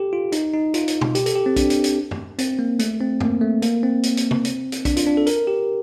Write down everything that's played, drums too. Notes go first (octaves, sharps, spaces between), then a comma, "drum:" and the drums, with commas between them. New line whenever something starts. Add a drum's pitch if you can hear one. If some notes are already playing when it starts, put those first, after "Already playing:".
Already playing: G4 A4
F4
D#4, drum: hi-hat
D#4
F4, drum: hi-hat
drum: hi-hat
drum: tom
G4, drum: hi-hat
A4, drum: hi-hat
G4
C4
D4, drum: kick A#1, hi-hat
drum: hi-hat
drum: hi-hat
drum: tom
C4, drum: hi-hat
A#3
A3, drum: hi-hat
C4
A#3, drum: tom
A3
A#3, drum: hi-hat
C4
drum: hi-hat
drum: hi-hat
drum: tom
drum: hi-hat
drum: hi-hat
D4, drum: kick A#1, hi-hat
F4, drum: hi-hat
D4
A4
A#4, drum: hi-hat
G4